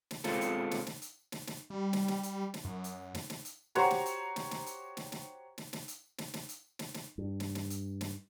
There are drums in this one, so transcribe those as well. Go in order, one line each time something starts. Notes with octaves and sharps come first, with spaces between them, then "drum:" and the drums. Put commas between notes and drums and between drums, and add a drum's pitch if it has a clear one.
drum: snare
B2 G#3 C4 F4 A4, drum: snare
drum: hi-hat
drum: snare
drum: snare
drum: hi-hat
drum: snare
drum: snare
G3
drum: snare
drum: snare
drum: hi-hat
drum: snare
F#2
drum: hi-hat
drum: snare
drum: snare
drum: hi-hat
F#4 G4 C5 C#5 F#5 A#5, drum: snare
drum: snare
drum: hi-hat
drum: snare
drum: snare
drum: hi-hat
drum: snare
drum: snare
drum: snare
drum: snare
drum: hi-hat
drum: snare
drum: snare
drum: hi-hat
drum: snare
drum: snare
G2
drum: snare
drum: snare
drum: hi-hat
drum: snare